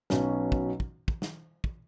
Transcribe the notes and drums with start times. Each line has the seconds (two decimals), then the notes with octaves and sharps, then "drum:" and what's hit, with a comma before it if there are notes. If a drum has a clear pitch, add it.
0.10 B1 B2 F#3 C#4, drum: snare
0.52 drum: kick
0.80 drum: kick
1.08 drum: kick
1.22 drum: snare
1.64 drum: kick